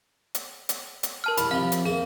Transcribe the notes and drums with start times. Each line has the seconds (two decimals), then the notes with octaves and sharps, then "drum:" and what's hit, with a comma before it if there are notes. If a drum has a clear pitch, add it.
0.35 drum: hi-hat
0.69 drum: hi-hat
1.03 drum: hi-hat
1.24 A#4 A5 F6
1.37 G3 E4 B5, drum: hi-hat
1.51 C3 F3 G3 F5
1.72 drum: hi-hat
1.85 A#3 C4 G#4